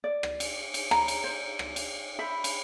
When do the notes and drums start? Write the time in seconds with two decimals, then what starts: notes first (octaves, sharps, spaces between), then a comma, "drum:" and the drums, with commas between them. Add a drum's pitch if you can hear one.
0.04 D5
0.23 drum: rim click
0.40 drum: cymbal
0.74 drum: cymbal
0.91 A#5, drum: rim click
1.08 drum: cymbal
1.24 C5
1.59 drum: rim click
1.76 drum: cymbal
2.19 C5 E5 B5
2.44 drum: cymbal